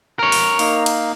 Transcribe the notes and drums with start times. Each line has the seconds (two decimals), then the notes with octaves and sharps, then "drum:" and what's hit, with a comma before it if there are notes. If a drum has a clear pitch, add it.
0.19 A#4 C#5
0.32 drum: open hi-hat
0.59 A#3 D#4 F5, drum: open hi-hat
0.86 drum: cymbal